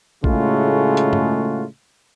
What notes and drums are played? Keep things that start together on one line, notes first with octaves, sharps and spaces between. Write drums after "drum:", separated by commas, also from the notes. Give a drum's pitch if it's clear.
A2 C#3 G#3 A3 F4 F#4, drum: kick
drum: hi-hat
drum: tom